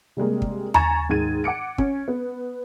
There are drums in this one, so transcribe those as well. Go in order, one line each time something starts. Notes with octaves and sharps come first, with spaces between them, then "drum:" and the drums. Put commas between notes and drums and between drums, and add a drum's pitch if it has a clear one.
C3 G3 G#3 A#3
drum: kick
G#5 A#5 C#6 G#6 A6 E7, drum: tom D#2
G#2 D#3 G#6 D#7
F#5 D6 C#7 D7
C#4, drum: kick
B3